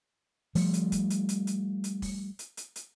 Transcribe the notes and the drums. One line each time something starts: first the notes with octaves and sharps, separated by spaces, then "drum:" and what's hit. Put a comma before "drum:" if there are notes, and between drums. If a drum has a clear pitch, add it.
F3 G3 A3, drum: open hi-hat
drum: hi-hat
drum: kick, hi-hat
drum: hi-hat
drum: hi-hat
drum: hi-hat
drum: hi-hat
drum: kick, open hi-hat
drum: hi-hat
drum: hi-hat
drum: hi-hat